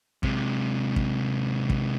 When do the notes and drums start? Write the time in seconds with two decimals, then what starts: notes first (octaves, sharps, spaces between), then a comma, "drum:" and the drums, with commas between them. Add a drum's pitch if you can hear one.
0.23 C3 G#3, drum: kick
0.96 drum: kick
1.70 drum: kick